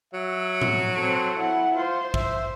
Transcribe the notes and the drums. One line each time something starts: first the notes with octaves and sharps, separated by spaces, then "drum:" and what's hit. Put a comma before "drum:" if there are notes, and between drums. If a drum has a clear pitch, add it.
F#3 E5
drum: tom A2
C4 A4 C5
E4 F#5
F4 C5
E5, drum: kick